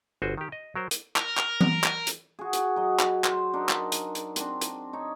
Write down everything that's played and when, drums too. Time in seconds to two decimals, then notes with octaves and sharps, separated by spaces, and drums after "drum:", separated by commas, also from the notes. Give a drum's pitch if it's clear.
0.22 G1 F#4 C5 G#5
0.38 D#3 G4
0.52 D#5
0.76 F#3 A#4 C5
0.91 drum: hi-hat
1.16 A#4, drum: clap
1.37 drum: clap
1.61 drum: tom E3
1.84 drum: clap
2.07 drum: hi-hat
2.39 F#4 G#4
2.53 drum: hi-hat
2.76 F#3 D#5
2.99 drum: clap
3.24 C5, drum: clap
3.53 D4 D#4 A#4
3.69 drum: clap
3.92 drum: hi-hat
4.15 drum: hi-hat
4.36 C4 D4, drum: hi-hat
4.61 drum: hi-hat
4.93 D#4 C#5